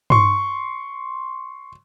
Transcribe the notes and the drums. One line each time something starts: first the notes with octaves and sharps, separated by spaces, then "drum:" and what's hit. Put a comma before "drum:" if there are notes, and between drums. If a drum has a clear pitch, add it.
C6 C#6, drum: tom G2